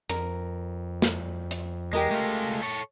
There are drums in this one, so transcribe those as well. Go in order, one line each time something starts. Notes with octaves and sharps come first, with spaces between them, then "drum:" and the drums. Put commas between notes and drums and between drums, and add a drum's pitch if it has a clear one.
F2 A#4, drum: hi-hat
drum: snare
drum: hi-hat
E2 G#3 G4 A#4 D#5
G#3 A3 F4
A4 C#5